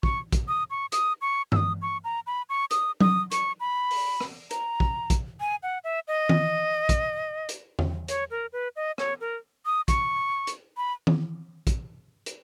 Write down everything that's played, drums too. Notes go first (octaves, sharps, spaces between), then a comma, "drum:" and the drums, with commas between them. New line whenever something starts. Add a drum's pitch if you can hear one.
C#6, drum: kick
drum: kick, hi-hat
D#6
C#6
D#6, drum: hi-hat
C#6
E6, drum: tom G2
D#6
C#6
A#5
B5
C#6
D#6, drum: hi-hat
D#6, drum: tom F#3
C#6, drum: hi-hat
B5
drum: open hi-hat
drum: rim click
A#5, drum: hi-hat
drum: kick
drum: kick, hi-hat
G#5
F#5
E5
D#5
drum: tom D#3
drum: kick, hi-hat
drum: hi-hat
drum: tom E2
C#5, drum: hi-hat
A#4
B4
D#5
C#5, drum: rim click
A#4
D#6
C#6, drum: kick, hi-hat
drum: hi-hat
B5
drum: tom D#3
drum: kick, hi-hat
drum: hi-hat